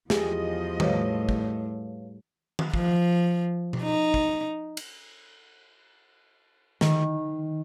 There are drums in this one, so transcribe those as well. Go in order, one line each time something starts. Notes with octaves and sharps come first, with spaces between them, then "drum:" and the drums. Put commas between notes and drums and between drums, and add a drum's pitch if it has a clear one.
E2 F3 G4 G#4 D#5, drum: snare
A2 G3 B4 C#5 F5, drum: tom D#3
drum: kick
drum: tom D#3
F3, drum: kick
drum: tom B2
D#4
drum: kick
drum: cymbal
D#3, drum: snare